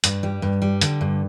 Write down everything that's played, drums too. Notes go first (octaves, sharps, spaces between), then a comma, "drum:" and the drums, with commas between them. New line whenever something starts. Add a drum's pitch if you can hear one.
G2, drum: hi-hat
G3
G2
G3
D3, drum: hi-hat
G2